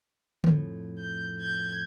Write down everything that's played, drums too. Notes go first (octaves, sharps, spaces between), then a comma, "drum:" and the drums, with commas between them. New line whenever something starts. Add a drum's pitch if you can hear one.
F2 A2, drum: tom D3
G6
G6 G#6